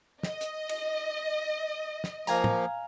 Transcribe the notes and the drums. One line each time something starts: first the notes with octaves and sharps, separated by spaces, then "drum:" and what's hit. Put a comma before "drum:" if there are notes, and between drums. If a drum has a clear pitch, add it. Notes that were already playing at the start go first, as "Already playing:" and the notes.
D#5, drum: snare
drum: hi-hat
drum: cymbal
drum: snare
F3 A#3 F5 G#5 A#5, drum: tambourine
drum: tom A2